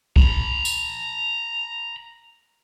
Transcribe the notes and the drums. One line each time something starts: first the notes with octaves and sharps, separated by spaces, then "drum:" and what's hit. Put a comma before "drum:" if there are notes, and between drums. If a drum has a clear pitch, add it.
A#5 B5, drum: kick
drum: tambourine